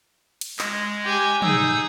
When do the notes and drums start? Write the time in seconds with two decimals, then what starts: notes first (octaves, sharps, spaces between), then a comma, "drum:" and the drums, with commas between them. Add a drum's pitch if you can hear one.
0.41 drum: cymbal
0.59 G#3, drum: clap
1.04 G4 G#5
1.42 D#4 G#4 D#6 E6 G6, drum: tom